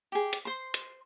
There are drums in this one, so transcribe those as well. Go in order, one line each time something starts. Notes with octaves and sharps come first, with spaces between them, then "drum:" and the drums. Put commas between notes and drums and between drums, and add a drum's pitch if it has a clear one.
G4 G#4
drum: hi-hat
C5 C6
drum: hi-hat